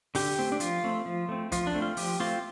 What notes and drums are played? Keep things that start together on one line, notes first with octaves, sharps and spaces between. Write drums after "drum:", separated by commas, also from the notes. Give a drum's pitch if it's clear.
D3 G4, drum: open hi-hat
A3 C4
D4
F3 F4, drum: hi-hat
A3 C4
F3
A3 C4
F3 F4, drum: kick, hi-hat
D4
A3 C4
F4
F3 G4, drum: open hi-hat
A3 C4 F4